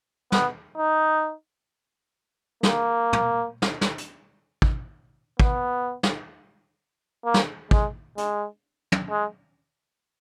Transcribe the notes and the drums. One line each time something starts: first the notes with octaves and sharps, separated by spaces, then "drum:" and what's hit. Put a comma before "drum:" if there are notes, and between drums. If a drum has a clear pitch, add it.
B3, drum: snare
D#4
A#3, drum: snare
drum: tom
drum: snare
drum: snare
drum: hi-hat
drum: kick
B3, drum: kick
drum: snare
A#3
drum: snare
G#3, drum: kick
G#3, drum: hi-hat
drum: tom
G#3